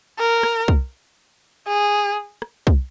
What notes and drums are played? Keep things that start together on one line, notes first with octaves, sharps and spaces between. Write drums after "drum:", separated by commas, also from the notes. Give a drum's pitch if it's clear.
A#4
drum: rim click
drum: kick
G#4
drum: rim click
drum: kick